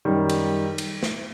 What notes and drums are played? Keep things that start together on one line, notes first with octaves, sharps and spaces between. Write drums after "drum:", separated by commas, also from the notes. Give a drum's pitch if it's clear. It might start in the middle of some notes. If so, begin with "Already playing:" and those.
F#2 D#3 G3
drum: cymbal
drum: cymbal
drum: snare